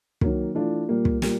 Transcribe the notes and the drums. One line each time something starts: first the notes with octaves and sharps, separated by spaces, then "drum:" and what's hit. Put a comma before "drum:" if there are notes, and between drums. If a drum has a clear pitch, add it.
D#3 F#3 A#3, drum: kick
E3 A3 D4 F4
A#2 G3 A#3
drum: kick
A#2 G3 A#3, drum: snare